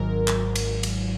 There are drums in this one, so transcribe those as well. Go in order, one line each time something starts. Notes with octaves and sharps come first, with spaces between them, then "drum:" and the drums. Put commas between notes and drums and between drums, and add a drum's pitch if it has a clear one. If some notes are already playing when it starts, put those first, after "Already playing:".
Already playing: G#1 G#2 D#3 F#3 A#4
drum: clap
drum: cymbal
drum: cymbal